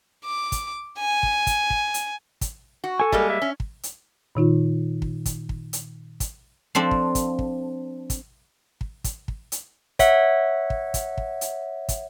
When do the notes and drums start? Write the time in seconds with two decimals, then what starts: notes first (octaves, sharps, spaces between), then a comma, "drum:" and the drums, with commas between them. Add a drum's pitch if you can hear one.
0.24 D6
0.52 drum: kick, hi-hat
0.99 G#5
1.23 drum: kick
1.47 drum: kick, hi-hat
1.70 drum: kick
1.94 drum: hi-hat
2.41 drum: kick, hi-hat
2.84 F#4
3.00 A4 G#5
3.12 G3 G#3 A#3, drum: kick
3.30 E5
3.42 C#4
3.60 drum: kick
3.83 drum: hi-hat
4.35 A#2 D#3 D#4 F4
5.02 drum: kick
5.26 drum: kick, hi-hat
5.49 drum: kick
5.73 drum: hi-hat
6.20 drum: kick, hi-hat
6.75 F3 C4 D4 A4
6.91 drum: kick
7.15 drum: kick, hi-hat
7.39 drum: kick
8.10 drum: kick, hi-hat
8.81 drum: kick
9.04 drum: kick, hi-hat
9.28 drum: kick
9.52 drum: hi-hat
9.99 C#5 E5 F#5, drum: kick, hi-hat
10.70 drum: kick
10.94 drum: kick, hi-hat
11.18 drum: kick
11.41 drum: hi-hat
11.89 drum: kick, hi-hat